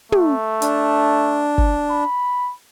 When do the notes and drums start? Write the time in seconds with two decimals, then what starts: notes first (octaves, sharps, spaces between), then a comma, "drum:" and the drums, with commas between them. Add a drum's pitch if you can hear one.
0.12 A3, drum: tom
0.62 D4, drum: hi-hat
1.58 drum: kick G1
1.91 B5